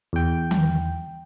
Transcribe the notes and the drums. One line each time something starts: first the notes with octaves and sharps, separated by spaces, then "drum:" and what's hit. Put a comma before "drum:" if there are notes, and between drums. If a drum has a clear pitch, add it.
E2 G5
drum: tom D#3